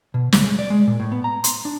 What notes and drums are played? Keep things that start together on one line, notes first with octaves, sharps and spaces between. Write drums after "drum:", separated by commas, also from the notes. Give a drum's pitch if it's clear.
B2
D2, drum: snare
G#3
D5
G#3
A#2
A2
B3
A#5
C6, drum: hi-hat
D4